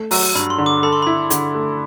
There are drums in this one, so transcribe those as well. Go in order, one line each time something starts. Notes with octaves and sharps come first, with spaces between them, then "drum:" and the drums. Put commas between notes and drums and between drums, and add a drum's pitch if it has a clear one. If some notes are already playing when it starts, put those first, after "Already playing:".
Already playing: A3
F#3 E6, drum: open hi-hat
G2 B5
C6
D3
D6
A4 B5
C6
E4 B5
D3, drum: hi-hat
A3